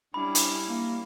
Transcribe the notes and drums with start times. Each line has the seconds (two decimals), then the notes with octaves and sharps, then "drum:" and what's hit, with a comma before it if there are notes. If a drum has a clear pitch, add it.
0.14 G3 C#4 D4 E4 B5
0.35 drum: hi-hat
0.68 A#3